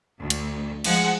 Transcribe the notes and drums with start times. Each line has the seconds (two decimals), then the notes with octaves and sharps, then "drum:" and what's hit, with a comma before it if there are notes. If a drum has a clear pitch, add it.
0.21 D2
0.30 drum: cymbal
0.84 F3 G#3 F#5, drum: cymbal